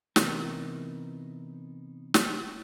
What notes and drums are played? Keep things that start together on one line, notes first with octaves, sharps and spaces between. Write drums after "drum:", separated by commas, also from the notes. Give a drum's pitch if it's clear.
C3 E3 B3 D#4 A#4, drum: snare
drum: snare